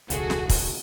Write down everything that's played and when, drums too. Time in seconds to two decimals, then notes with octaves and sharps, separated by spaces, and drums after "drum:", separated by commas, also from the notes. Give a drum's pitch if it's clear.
0.10 E1 C#2 F#4 G#4 A4, drum: hi-hat
0.30 drum: snare
0.49 drum: kick, open hi-hat